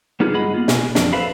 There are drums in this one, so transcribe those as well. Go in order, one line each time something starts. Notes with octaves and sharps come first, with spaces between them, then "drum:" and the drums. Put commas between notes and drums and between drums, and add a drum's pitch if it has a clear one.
B3 D#4 F4 G4 G#4
G2 G#3 G#4 D#5 F#5 B5
A#3 B3 F4
B2 G#5, drum: snare
F2 D4, drum: snare
A4 B4 C5 E5 F5 B5